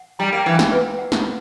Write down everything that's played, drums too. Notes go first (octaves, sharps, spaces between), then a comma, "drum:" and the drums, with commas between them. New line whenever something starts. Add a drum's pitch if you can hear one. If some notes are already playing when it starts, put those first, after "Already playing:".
Already playing: F#5
G3 A#5
A#3
E3 F#5
drum: snare
B4
F#5
drum: snare